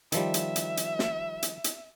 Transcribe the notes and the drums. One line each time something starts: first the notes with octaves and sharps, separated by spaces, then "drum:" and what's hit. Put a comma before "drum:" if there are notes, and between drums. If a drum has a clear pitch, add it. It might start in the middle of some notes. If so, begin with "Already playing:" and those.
D#3 F3 G3 E5, drum: hi-hat
drum: hi-hat
drum: hi-hat
drum: hi-hat
drum: snare
drum: hi-hat
drum: hi-hat